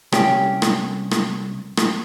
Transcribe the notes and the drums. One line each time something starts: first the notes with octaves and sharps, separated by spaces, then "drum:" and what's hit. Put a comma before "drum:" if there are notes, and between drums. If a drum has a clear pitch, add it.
C2 C#4 G4, drum: rim click
drum: rim click
drum: rim click
drum: rim click